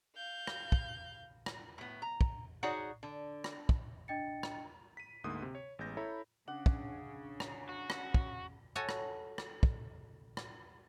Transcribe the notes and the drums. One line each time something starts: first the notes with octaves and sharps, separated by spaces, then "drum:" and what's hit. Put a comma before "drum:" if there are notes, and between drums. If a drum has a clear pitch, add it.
F5 G6
drum: rim click
drum: kick
drum: rim click
A2 B3
A#5
drum: kick
D#4 F#4 G#4 C#5 D5 F#5
D3
drum: rim click
drum: kick
D4 D#5 G5 A6 C#7
drum: rim click
B6 D#7
D2 G#2 A#3 D#6
C3
C#5
A1 G#3 B3 G6 A#6
E4 A4 C#5 E5 A#5 B5
C#3 C#4 D4 F#5
drum: kick
drum: rim click
F#4
drum: rim click
drum: kick
F#4 A4 C#5 G#5
drum: rim click
drum: rim click
drum: kick
drum: rim click